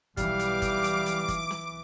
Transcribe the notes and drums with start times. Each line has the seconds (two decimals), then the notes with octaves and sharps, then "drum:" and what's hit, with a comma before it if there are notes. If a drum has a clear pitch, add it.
0.17 B1 E3 G3 F5 D6, drum: kick G1, hi-hat
0.39 drum: hi-hat
0.62 drum: kick G1, hi-hat
0.84 drum: hi-hat
1.06 drum: hi-hat
1.28 drum: kick G1, hi-hat
1.51 drum: snare